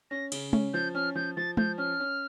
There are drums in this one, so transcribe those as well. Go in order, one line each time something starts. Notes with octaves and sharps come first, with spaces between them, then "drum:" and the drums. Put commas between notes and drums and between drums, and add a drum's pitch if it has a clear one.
C#4 A#6
C#3, drum: cymbal
C#4, drum: tom G#3
F3 G6
C#4 F6
F3 G6
F3 A6
F3 G6, drum: tom G#3
C#4 F6
C#4